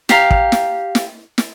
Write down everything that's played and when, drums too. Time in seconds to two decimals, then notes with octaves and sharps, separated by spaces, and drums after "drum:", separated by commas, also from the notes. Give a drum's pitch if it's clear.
0.09 G4 F5 A#5, drum: snare
0.31 drum: kick
0.52 drum: snare
0.95 drum: snare
1.38 drum: snare